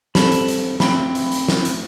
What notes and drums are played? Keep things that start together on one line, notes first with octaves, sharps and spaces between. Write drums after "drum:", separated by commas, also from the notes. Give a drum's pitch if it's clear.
G3 C4 A4 A5 B5, drum: snare
drum: hi-hat
drum: hi-hat
A3 C4 B5 D7, drum: snare
drum: hi-hat
drum: hi-hat
drum: snare
drum: hi-hat